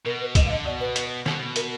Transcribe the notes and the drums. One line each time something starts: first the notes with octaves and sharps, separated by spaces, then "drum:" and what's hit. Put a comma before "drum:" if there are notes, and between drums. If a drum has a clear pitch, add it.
B2 A#4
B4
D3 D#5, drum: kick, hi-hat
F5
D3 D#5
B2 D5
B4
drum: hi-hat
B2, drum: snare
A#4, drum: hi-hat